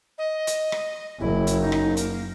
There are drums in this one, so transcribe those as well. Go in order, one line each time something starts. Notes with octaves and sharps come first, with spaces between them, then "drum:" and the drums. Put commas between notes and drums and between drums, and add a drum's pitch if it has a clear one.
D#5
drum: hi-hat
drum: rim click
F#1 E4
drum: hi-hat
D#4
drum: rim click
A#3, drum: hi-hat